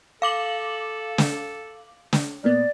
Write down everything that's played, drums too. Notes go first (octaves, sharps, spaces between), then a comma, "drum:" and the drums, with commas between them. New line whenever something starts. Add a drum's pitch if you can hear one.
A4 F5 D6 F#7
drum: snare
drum: snare
A#2 A#3 B3 D5